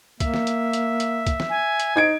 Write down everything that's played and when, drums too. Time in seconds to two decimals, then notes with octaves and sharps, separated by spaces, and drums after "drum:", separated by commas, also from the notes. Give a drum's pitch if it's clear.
0.20 A#3 E5, drum: kick, hi-hat
0.34 drum: snare
0.47 drum: hi-hat
0.73 drum: hi-hat
1.00 drum: hi-hat
1.27 drum: kick, hi-hat
1.40 drum: snare
1.50 G#5
1.80 drum: hi-hat
1.96 D#4 C5 G#6 D7